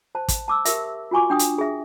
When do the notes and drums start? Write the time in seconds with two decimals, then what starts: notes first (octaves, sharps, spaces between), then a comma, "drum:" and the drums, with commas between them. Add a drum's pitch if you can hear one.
0.15 C5 A5
0.28 drum: kick, hi-hat
0.48 A5 D6 E6
0.65 G4 A#4 E5, drum: hi-hat
1.11 F4 F#4 G#5 C#6 D6
1.30 D4 G5 D#6
1.39 drum: hi-hat
1.58 G#4 E5